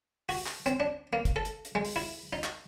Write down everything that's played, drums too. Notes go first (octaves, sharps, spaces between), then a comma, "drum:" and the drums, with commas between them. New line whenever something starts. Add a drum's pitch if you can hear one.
F#4, drum: open hi-hat
drum: clap
C4, drum: hi-hat
D4
A#3
drum: kick, hi-hat
A4
drum: hi-hat
drum: hi-hat
G#3
drum: open hi-hat
E4
D#4
drum: clap